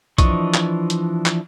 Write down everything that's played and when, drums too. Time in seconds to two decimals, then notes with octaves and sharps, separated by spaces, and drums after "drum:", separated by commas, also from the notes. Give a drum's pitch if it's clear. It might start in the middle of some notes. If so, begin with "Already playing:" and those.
0.18 E3 F3 D4 D#5 C#6, drum: kick B1, hi-hat
0.54 drum: clap
0.90 drum: hi-hat
1.26 drum: clap